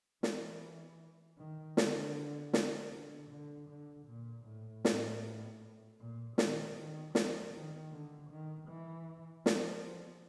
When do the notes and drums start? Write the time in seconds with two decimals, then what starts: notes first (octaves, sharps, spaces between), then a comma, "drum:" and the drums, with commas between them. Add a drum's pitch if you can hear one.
0.23 E3, drum: snare
1.38 D#3
1.77 D3, drum: snare
2.53 drum: snare
2.92 D3
3.30 D3
3.69 D3
4.07 A#2
4.45 A2
4.85 A2, drum: snare
6.00 A#2
6.38 D#3, drum: snare
6.76 D#3
7.15 F3, drum: snare
7.53 D#3
7.92 D3
8.30 D#3
8.68 E3
9.46 F3, drum: snare